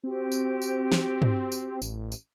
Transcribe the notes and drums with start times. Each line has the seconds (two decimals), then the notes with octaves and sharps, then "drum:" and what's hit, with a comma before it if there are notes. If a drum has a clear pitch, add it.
0.04 C4 F#4 G4 C5
0.32 drum: tambourine
0.62 drum: tambourine
0.92 drum: snare
1.22 drum: tom
1.52 drum: tambourine
1.82 A1, drum: tambourine
2.12 drum: tambourine